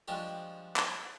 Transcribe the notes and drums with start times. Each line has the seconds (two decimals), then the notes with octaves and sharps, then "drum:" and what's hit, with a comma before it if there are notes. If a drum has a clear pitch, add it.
0.08 F3 G3 G#3 D4 F#4 G4
0.76 drum: clap